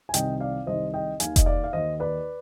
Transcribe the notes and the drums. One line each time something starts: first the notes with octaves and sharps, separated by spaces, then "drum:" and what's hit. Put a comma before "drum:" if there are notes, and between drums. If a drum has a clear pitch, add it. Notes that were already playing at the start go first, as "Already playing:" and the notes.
G#5
C2 C3 D#3 D#5 G5, drum: hi-hat
D5 F5
C2 C3 D#3 C5 D#5
D#5 G5
D#2 D#3 F5 G#5, drum: hi-hat
D#5, drum: kick F1, hi-hat
D5 F5
F5
D#2 D#3 C5 D#5
B4 D5